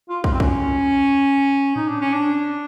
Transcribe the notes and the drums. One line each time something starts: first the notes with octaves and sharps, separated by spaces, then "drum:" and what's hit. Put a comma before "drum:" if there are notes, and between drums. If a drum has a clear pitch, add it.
F4
F4, drum: kick
C4
C#4, drum: kick
D#4, drum: tom A2
D4
C#4
D4